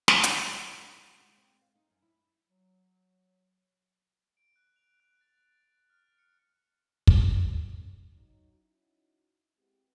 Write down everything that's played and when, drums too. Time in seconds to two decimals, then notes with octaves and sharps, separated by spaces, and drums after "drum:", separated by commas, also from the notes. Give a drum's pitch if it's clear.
0.08 drum: snare
0.23 drum: hi-hat
0.35 E4
0.50 G#4
0.67 D#3
0.91 E4
1.07 F#4
1.21 G#3
1.38 C4
1.61 F5
1.75 D#4
1.90 F#2
2.02 E4
2.49 F#3
4.37 D7
4.56 F#6
4.76 F7
5.00 F#6
5.21 A6
5.90 F6
6.19 C#7
7.07 drum: kick
7.23 G3 A3
7.57 C#4
8.13 F#3 D#4
8.52 C#4 D#4 E4 F#4
9.58 G#3 B3 C4 E4 F#4 G4